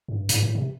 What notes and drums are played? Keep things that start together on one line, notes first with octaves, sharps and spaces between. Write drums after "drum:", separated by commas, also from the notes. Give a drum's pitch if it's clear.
G2
G#2, drum: hi-hat
A2
C3